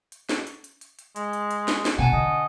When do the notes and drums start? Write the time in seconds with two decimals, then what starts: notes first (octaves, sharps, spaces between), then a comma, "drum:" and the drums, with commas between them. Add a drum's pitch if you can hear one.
0.12 drum: hi-hat
0.29 drum: snare
0.47 drum: hi-hat
0.64 drum: hi-hat
0.81 drum: hi-hat
0.99 drum: hi-hat
1.16 G#3, drum: hi-hat
1.33 drum: hi-hat
1.51 drum: hi-hat
1.68 drum: snare
1.85 drum: snare
1.98 B2 F#5 G#5 A5
2.13 D3 D#5